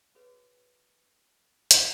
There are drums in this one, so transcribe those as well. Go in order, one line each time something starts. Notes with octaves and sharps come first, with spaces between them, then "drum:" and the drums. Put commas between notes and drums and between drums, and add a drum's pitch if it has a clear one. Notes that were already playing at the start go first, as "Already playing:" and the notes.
F#4 G#4 B4 C#5
drum: hi-hat